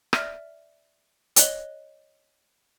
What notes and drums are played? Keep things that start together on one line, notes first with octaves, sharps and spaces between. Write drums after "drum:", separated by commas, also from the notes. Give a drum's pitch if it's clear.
D5 E5 F6 A#6, drum: rim click
C#5 D#5 F#6 G7, drum: hi-hat